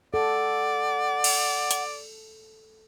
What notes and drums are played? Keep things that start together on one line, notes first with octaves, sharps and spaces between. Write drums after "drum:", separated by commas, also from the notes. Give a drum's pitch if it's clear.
A4 D5 F#5
drum: cymbal
drum: hi-hat